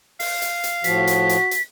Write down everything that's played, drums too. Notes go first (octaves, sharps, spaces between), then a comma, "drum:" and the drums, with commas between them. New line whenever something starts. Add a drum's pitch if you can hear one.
F5, drum: open hi-hat
drum: hi-hat
drum: hi-hat
A2 F3 F#4 B6, drum: hi-hat
drum: hi-hat
drum: hi-hat
drum: hi-hat